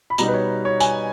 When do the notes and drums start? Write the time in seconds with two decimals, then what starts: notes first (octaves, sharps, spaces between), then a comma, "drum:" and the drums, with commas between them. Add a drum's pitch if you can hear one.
0.10 B5
0.18 B2 G3 B3 D#4 A#5, drum: tambourine
0.28 B4
0.34 C#5
0.65 C#5
0.80 G#5, drum: tambourine